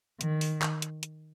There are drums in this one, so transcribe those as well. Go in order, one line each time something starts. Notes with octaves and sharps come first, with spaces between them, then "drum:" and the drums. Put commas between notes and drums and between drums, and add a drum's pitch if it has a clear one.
D#3, drum: hi-hat
drum: open hi-hat
drum: clap
drum: hi-hat
drum: hi-hat